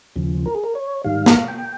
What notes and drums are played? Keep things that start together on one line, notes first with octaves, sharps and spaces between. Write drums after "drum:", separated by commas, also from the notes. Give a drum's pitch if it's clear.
D#2 C#3 F3
A#4
G#4
A#4
C#5
G#2 D#3 G3 F5
drum: snare
G5